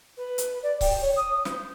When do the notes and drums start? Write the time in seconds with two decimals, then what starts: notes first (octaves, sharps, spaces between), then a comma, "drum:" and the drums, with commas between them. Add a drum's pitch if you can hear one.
0.17 B4
0.38 drum: hi-hat
0.62 D5
0.81 G5, drum: kick C#1, open hi-hat
1.01 C#5
1.16 D#6
1.45 C5, drum: snare